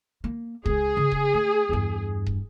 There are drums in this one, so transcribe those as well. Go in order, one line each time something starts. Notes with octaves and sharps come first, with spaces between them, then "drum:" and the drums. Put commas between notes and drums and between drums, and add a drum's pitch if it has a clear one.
A#3
E1 C#2 G#4, drum: kick D#1
C#3
drum: kick D#1
A3
E2 G2
drum: kick D#1